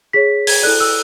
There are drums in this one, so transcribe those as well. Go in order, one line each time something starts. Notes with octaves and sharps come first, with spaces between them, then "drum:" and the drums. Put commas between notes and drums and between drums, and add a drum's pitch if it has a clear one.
G#4 C#5 B6
G#6, drum: open hi-hat
E4 A4 D5 F#6
E6